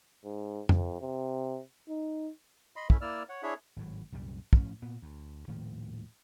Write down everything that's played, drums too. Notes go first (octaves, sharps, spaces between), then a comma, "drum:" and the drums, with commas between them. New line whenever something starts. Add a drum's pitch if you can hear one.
G#2
F2, drum: tom F2
C3
D#4
D#5 B5 C6
A3 C#4 E4 E5, drum: kick
A#3 E4 D5 E6 F6
C#5 F#5
D4 E4 G#4 C#5 E5
G#1 A2 F#3
C2 F#2 A#2 G3
A2 F3 C#4, drum: kick
A#2 B3
D2
D#1 A2 D#3 F3